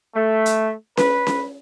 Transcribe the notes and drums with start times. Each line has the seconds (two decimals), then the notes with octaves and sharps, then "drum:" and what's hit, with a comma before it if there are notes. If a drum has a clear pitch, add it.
0.14 A3
0.46 drum: hi-hat
0.97 B4, drum: snare C#4
1.27 drum: snare C#4